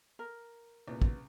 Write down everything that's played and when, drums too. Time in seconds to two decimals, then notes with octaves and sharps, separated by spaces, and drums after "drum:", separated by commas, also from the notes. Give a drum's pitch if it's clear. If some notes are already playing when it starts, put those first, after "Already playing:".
0.19 A#4
0.88 C2 A#2 C#3 B3
1.02 drum: kick